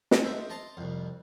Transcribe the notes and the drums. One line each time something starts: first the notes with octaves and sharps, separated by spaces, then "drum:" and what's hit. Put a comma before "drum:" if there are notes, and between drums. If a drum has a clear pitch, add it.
drum: snare
G#3 C5 E5
D#5 A5 A#5 C6
C2 F2